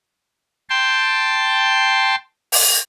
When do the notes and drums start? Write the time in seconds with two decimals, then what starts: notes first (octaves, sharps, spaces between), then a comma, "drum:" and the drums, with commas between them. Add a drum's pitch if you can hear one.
0.70 G5 A5 C6
2.52 drum: open hi-hat